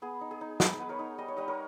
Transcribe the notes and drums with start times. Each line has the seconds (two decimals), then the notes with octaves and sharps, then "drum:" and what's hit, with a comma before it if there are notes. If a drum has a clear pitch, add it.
0.02 B3 G#4
0.21 D#4
0.31 G#4
0.41 D#4
0.60 D#4 G#4 B4, drum: snare
0.79 B3 B4
0.89 A#4 C#5
0.99 D#4
1.18 G3 D#5
1.28 C#5
1.37 G3 B4 D#5
1.48 A#4 C#5